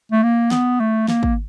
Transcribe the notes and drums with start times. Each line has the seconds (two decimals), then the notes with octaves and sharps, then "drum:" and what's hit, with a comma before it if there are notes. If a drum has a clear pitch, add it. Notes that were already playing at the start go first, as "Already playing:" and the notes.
0.12 A3
0.23 A#3
0.51 B3, drum: snare
0.80 A3
1.08 A#3, drum: snare
1.23 drum: kick